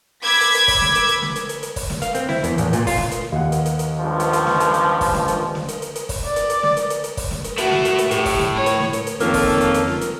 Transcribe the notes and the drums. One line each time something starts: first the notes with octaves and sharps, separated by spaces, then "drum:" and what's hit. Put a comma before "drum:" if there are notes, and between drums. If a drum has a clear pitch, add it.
B5 D6 E6 G#6 B6
drum: hi-hat
drum: hi-hat
drum: kick, open hi-hat
drum: snare
drum: hi-hat
drum: hi-hat
drum: snare
drum: hi-hat
drum: hi-hat
drum: hi-hat
drum: kick, open hi-hat
drum: snare
F5, drum: hi-hat
C4, drum: hi-hat
E4, drum: snare
E2, drum: hi-hat
A1, drum: hi-hat
A#2, drum: hi-hat
F4, drum: kick, open hi-hat
drum: snare
drum: hi-hat
D#2 F#5
drum: hi-hat
drum: hi-hat
drum: hi-hat
C#2 G2 F3
drum: hi-hat
drum: hi-hat
drum: snare
drum: hi-hat
drum: hi-hat
drum: kick, open hi-hat
drum: snare
drum: hi-hat
drum: snare
drum: hi-hat
drum: hi-hat
drum: hi-hat
drum: kick, open hi-hat
D5
drum: hi-hat
drum: hi-hat
drum: snare
drum: hi-hat
drum: hi-hat
drum: hi-hat
drum: kick, open hi-hat
drum: snare
drum: hi-hat
A3 E4 F#4, drum: hi-hat
drum: snare
drum: hi-hat
drum: hi-hat
A2 G4, drum: hi-hat
drum: kick, open hi-hat
drum: snare
C#5
drum: hi-hat
drum: snare
drum: hi-hat
drum: hi-hat
F2 D#3 A#3 C#4 F4 A4, drum: hi-hat
drum: kick, open hi-hat
drum: snare
drum: hi-hat
drum: hi-hat
drum: snare
drum: hi-hat